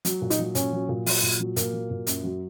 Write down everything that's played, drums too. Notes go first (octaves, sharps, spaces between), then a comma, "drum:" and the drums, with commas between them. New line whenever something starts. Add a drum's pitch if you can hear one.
F#3, drum: hi-hat
A#2
D#4, drum: hi-hat
F#3
A#2 C#4, drum: hi-hat
F#3
A#2
F#3, drum: open hi-hat
A#2
F#3
A#2 A#3, drum: hi-hat
F#3
A#2
F#2, drum: hi-hat
F#3